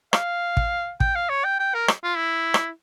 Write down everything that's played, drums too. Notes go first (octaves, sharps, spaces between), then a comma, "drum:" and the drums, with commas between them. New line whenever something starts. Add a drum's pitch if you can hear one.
F5, drum: rim click
drum: kick
G5, drum: kick
F5
C#5
G5
G5
A#4
drum: rim click
F4
E4
drum: rim click